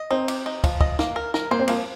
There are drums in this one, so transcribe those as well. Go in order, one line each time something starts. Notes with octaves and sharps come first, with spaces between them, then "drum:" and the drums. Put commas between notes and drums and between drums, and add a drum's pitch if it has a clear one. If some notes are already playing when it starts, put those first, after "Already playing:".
Already playing: D#5
C4 D#4
G4, drum: cymbal
D#4
F3, drum: kick, cymbal
D#5, drum: kick
A#3, drum: snare
A#4
A#4, drum: snare
A#3 C5
C4
F3 A#3, drum: cymbal